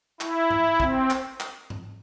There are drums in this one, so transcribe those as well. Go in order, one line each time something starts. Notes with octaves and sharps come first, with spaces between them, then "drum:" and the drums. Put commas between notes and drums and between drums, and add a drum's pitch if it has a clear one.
E4, drum: clap
drum: tom G#2
C4, drum: kick
drum: clap
drum: clap
drum: tom G#2